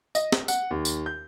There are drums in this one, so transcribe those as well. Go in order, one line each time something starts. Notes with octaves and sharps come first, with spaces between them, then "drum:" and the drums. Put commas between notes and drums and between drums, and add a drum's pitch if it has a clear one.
D#5, drum: tambourine
drum: snare
F#5, drum: tambourine
D#2
drum: tambourine
G6